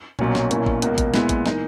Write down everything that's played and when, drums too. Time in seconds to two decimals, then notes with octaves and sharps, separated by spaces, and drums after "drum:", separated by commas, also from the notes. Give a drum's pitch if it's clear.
0.19 B1 A#2 F#3 C#4, drum: tom A#2
0.35 drum: snare
0.51 B1 A#2 A#3 C#4 E4, drum: hi-hat
0.66 drum: kick A1
0.82 C#2 B2 A#3, drum: hi-hat
0.98 drum: kick A1, hi-hat
1.14 A#2 G#3 B3 E4, drum: snare
1.29 drum: kick A1, hi-hat
1.46 E3 A#3 D#4, drum: snare